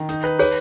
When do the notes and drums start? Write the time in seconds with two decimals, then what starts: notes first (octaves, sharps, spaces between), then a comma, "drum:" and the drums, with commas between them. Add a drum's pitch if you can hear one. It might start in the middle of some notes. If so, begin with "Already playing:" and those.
Already playing: D#3
0.09 D#4, drum: hi-hat
0.24 B4
0.39 G#4 B4 C#5, drum: open hi-hat